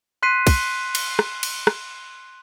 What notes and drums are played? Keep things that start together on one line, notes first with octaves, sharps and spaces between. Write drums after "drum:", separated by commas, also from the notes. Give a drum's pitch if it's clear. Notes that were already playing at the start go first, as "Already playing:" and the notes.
C6 F#6 B6 C7 D#7
drum: kick, cymbal
drum: cymbal
drum: rim click
drum: cymbal
drum: rim click